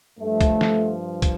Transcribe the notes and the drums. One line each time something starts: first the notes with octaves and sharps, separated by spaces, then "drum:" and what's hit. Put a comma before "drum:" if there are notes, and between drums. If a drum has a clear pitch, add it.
G2 F3 A3
drum: kick, hi-hat
drum: snare
drum: kick, hi-hat